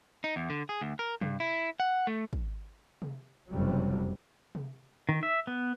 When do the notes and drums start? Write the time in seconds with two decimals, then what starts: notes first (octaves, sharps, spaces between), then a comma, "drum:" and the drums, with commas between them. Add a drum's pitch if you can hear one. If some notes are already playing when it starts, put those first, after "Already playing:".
0.24 D#4
0.36 E2
0.50 D3
0.69 G#4
0.81 D2
0.99 A#4
1.21 G2, drum: tom C3
1.40 E4
1.80 F#5
2.07 A3
2.33 drum: kick
3.02 drum: tom C3
3.51 F#1 F2 C3 F#3 G3
4.55 drum: tom C3
5.09 D#3
5.23 E5
5.47 B3